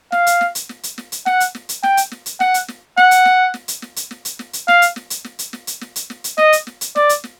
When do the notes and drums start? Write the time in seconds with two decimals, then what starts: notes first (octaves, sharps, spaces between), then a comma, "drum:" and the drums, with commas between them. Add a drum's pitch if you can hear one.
0.12 F5, drum: snare
0.27 drum: hi-hat
0.41 drum: snare
0.55 drum: hi-hat
0.69 drum: snare
0.83 drum: hi-hat
0.98 drum: snare
1.12 drum: hi-hat
1.26 F#5, drum: snare
1.40 drum: hi-hat
1.55 drum: snare
1.69 drum: hi-hat
1.83 G5, drum: snare
1.97 drum: hi-hat
2.11 drum: snare
2.26 drum: hi-hat
2.40 F#5, drum: snare
2.54 drum: hi-hat
2.68 drum: snare
2.97 F#5, drum: snare
3.11 drum: hi-hat
3.25 drum: snare
3.54 drum: snare
3.68 drum: hi-hat
3.82 drum: snare
3.96 drum: hi-hat
4.11 drum: snare
4.25 drum: hi-hat
4.39 drum: snare
4.53 drum: hi-hat
4.68 F5, drum: snare
4.82 drum: hi-hat
4.96 drum: snare
5.10 drum: hi-hat
5.24 drum: snare
5.39 drum: hi-hat
5.53 drum: snare
5.67 drum: hi-hat
5.81 drum: snare
5.96 drum: hi-hat
6.10 drum: snare
6.24 drum: hi-hat
6.38 D#5, drum: snare
6.52 drum: hi-hat
6.67 drum: snare
6.81 drum: hi-hat
6.96 D5, drum: snare
7.09 drum: hi-hat
7.24 drum: snare